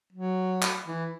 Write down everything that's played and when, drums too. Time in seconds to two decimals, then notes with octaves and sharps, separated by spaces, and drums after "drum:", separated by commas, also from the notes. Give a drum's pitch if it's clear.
0.13 F#3
0.62 drum: clap
0.87 E3